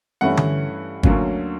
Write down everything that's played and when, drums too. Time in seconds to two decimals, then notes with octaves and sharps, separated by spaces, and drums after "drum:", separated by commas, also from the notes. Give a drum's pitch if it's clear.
0.21 G2 E3 A3 C#4 E4 F#5
0.37 drum: tom D3
1.03 D2 D3 F#3 A#3 C#4, drum: kick G1